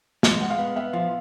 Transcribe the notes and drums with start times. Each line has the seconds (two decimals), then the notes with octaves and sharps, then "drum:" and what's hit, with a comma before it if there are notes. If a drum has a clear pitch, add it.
0.23 G#3 D#5, drum: snare
0.41 G#3 F#5
0.50 F5
0.59 B3
0.76 B3 E5
0.93 F3 F5